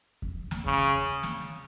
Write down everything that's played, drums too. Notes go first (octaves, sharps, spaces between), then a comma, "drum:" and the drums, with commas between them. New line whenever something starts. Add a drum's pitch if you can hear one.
drum: kick E2
drum: snare
C#3, drum: kick E2
drum: snare